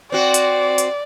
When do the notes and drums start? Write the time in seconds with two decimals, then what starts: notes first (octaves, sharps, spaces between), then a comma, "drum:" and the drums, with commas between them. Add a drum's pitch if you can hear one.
0.12 C4 F#4 D5
0.34 drum: hi-hat
0.78 drum: hi-hat